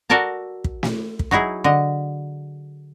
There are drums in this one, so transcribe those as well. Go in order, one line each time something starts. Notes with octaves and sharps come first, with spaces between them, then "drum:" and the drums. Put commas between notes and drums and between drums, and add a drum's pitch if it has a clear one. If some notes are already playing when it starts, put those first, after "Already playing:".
F#4 A4 A#4 D5 A5 A#5
drum: kick
drum: snare
drum: kick
F#3 D#4 E4 G#4
D3 D#5